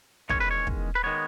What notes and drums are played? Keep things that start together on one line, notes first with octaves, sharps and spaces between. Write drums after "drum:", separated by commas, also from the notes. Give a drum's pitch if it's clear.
E2 D#3 G#3 C#4 C#5, drum: kick
B4
C#5
drum: kick
B4
D#3 G#3 B3 C#5